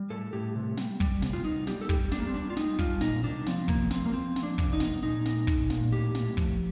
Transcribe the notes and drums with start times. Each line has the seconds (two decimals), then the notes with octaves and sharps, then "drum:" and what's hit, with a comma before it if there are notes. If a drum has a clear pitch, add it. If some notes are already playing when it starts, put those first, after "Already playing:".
Already playing: G3
0.10 A2 A4
0.33 A2 G4
0.56 C3
0.77 G3, drum: snare
1.00 G3, drum: kick
1.22 C3, drum: snare
1.33 F4
1.44 C3 D#4
1.67 G3 G4, drum: snare
1.81 A4
1.89 G3 G4, drum: kick
2.11 G3 D4, drum: snare
2.20 A#3
2.27 C4
2.34 G3 D4
2.50 F4
2.57 G3 D#4, drum: snare
2.79 G3 F4, drum: kick
3.01 A#2 D#4, drum: snare
3.24 C3 D4
3.46 F3 C4, drum: snare
3.68 C3 A#3, drum: kick
3.91 F3 C4, drum: snare
4.06 A#3
4.13 F3 C4
4.36 F3, drum: snare
4.43 D4
4.58 C3, drum: kick
4.73 D#4
4.80 C3, drum: snare
5.02 A#2 D#4
5.26 A#2, drum: snare
5.47 A#2, drum: kick
5.70 A#2, drum: snare
5.92 A2 G4
6.15 A2, drum: snare
6.37 F3, drum: kick